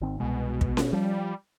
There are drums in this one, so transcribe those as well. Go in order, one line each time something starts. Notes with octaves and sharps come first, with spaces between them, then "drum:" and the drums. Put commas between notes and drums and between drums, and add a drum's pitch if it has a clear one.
G#1 D#3 C4
C2 B2 G#3
drum: kick
drum: snare C#4
F3 G3